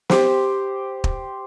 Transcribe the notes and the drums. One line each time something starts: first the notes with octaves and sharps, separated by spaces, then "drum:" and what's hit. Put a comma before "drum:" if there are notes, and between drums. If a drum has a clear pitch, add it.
G4 C5, drum: snare
drum: kick